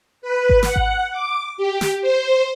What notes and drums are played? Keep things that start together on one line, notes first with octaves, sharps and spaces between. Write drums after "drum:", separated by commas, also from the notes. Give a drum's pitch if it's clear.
B4
drum: kick G#1
F#5, drum: snare
drum: kick G#1
D6
G4
drum: snare
C5